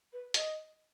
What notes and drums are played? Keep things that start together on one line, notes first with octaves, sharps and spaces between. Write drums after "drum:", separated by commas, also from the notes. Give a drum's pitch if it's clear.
B4
D#5, drum: hi-hat